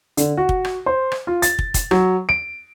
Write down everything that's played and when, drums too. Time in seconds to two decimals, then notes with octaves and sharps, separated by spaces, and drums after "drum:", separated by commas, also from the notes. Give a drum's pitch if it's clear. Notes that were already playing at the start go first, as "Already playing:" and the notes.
0.17 D3, drum: hi-hat
0.37 F#4
0.49 drum: kick
0.65 drum: rim click
0.86 C5
1.12 drum: rim click
1.27 F4
1.42 A6, drum: hi-hat
1.59 drum: kick
1.74 drum: kick, hi-hat
1.91 F#3, drum: rim click
2.29 D7